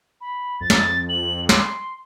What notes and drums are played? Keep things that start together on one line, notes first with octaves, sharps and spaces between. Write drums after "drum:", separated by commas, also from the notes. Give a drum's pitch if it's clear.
B5
F2 A6
drum: snare
F#7
C6, drum: snare